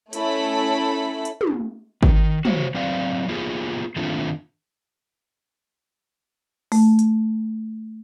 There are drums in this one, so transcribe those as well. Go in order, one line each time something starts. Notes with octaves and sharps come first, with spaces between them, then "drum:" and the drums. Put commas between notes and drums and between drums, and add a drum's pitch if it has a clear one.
A3 C#4 E4 A4 B5, drum: hi-hat
drum: hi-hat
drum: tom
D#3, drum: kick
F#4 C5 C#5, drum: tom
F#3 C4 B4 D5 F5
A#3 B3 F4 G4 G#4
D#3 A3 A#3 C4 D4 F4
A3, drum: open hi-hat
drum: hi-hat